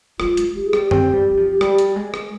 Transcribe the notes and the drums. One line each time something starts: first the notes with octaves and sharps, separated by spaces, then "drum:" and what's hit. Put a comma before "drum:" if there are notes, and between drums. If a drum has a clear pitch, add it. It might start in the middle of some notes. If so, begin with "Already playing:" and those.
G3 F4, drum: rim click
G#3, drum: hi-hat
G#3 G4
G#4
G3, drum: rim click
G4
C4, drum: tom F#2
G3
G3
F3
G3, drum: rim click
drum: hi-hat
G#3
drum: rim click